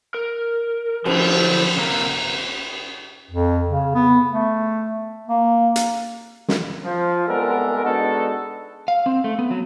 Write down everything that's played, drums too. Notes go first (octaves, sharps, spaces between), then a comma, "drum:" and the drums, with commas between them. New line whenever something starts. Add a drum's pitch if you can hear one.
A#4
D3 F3 F#3 E4, drum: cymbal
C3 A#3 A#5
F2
C#3
B3
A3
A#3
drum: hi-hat
drum: snare
F3
C2 G#3 B3 D4 A4 A#4
G#3 B3 D4 D#4 F#4 A4
F5
C4
A3
B3
F#3